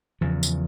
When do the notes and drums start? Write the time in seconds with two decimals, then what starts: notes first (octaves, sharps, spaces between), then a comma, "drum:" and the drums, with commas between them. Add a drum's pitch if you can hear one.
0.21 E2 C#3 F3
0.43 drum: tambourine